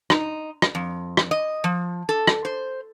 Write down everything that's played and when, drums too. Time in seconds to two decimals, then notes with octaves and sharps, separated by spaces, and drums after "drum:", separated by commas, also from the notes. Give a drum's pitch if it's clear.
0.10 D#4, drum: rim click
0.62 drum: rim click
0.75 F2
1.17 drum: rim click
1.31 D#5
1.64 F3
2.09 A4
2.27 drum: rim click
2.45 C5